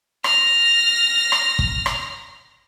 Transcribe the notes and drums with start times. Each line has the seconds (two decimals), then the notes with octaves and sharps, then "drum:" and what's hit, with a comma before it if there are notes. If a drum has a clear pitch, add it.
0.24 F6 A#6, drum: rim click
1.32 drum: rim click
1.59 drum: kick
1.86 drum: rim click